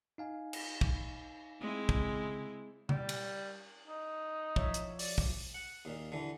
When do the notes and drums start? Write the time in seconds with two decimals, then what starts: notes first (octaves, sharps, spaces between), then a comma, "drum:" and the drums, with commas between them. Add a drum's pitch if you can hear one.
0.18 D#4 F5 G#5
0.53 drum: cymbal
0.81 drum: kick
1.60 G#3 C4 E4
1.89 C#3, drum: kick
2.89 G3, drum: tom C#3
3.09 drum: cymbal
3.88 D#4
4.56 F3 C#5 E5, drum: kick
4.74 drum: hi-hat
4.99 D5, drum: open hi-hat
5.18 drum: kick
5.54 F#5
5.85 D#2 A#2
6.12 D3 E3